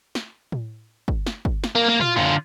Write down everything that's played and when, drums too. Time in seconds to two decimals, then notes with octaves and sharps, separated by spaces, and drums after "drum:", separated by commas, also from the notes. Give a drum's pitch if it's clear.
0.15 drum: snare
0.52 drum: tom A2
1.08 drum: kick
1.26 drum: snare
1.45 drum: kick
1.64 drum: snare
1.75 A#3
1.89 A#3
2.01 F4, drum: tom A#2
2.16 D3 F4